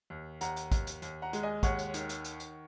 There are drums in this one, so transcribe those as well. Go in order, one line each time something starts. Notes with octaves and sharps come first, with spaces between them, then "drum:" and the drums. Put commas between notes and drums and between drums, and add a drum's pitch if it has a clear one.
D#2
D#2 F#5 A#5, drum: hi-hat
drum: hi-hat
D#2, drum: kick, hi-hat
drum: hi-hat
D#2, drum: hi-hat
F#5 A#5
G#3, drum: hi-hat
D#5 G#5
D#2 C#5 F#5, drum: kick, hi-hat
drum: hi-hat
D#3, drum: hi-hat
drum: hi-hat
drum: hi-hat
drum: hi-hat